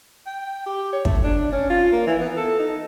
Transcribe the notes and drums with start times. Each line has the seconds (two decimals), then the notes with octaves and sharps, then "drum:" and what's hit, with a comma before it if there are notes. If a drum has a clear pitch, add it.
0.27 G5
0.66 G4
0.93 C#5
1.05 A3, drum: kick
1.24 D4
1.52 C#4
1.70 F4
1.92 A#3
2.07 E3
2.21 B3
2.37 A4
2.59 D#4